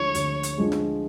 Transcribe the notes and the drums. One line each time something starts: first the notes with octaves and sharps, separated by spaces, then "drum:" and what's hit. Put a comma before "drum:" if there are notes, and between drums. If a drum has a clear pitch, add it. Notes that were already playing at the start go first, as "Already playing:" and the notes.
Already playing: D2 D3 F3 G#3 C#5
D2, drum: hi-hat
drum: hi-hat
D3 F3 G#3
drum: snare